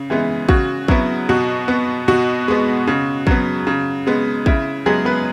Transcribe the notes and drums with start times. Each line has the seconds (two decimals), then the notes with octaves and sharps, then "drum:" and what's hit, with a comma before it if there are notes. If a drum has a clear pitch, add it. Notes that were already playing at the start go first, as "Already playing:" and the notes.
Already playing: C#3
0.10 E3 G#3 B3
0.49 C#3 F#4, drum: kick
0.88 F#3 B3 E4, drum: kick
1.29 B2 F#4
1.68 B3
2.08 B2 F#4
2.48 G#3 B3
2.87 C#3
3.27 F#3 B3, drum: kick
3.67 C#3
4.07 G#3 B3
4.46 C#3 E4, drum: kick
4.86 F#3 G#3 B3 G#4
5.05 B3 B4